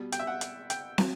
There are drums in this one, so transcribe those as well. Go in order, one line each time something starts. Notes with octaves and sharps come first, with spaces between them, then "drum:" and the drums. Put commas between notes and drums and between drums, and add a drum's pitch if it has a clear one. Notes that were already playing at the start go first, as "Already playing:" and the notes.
Already playing: B2 G3
G5, drum: hi-hat
E5
F#5
drum: hi-hat
G5, drum: hi-hat
F#3, drum: snare